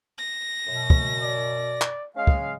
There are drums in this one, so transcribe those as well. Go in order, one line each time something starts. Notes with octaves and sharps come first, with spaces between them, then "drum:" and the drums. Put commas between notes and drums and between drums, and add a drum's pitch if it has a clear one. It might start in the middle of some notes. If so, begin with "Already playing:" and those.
A#6
F#2 B2
drum: kick
D5
drum: clap
G#3 C#4 D#5 F5
drum: kick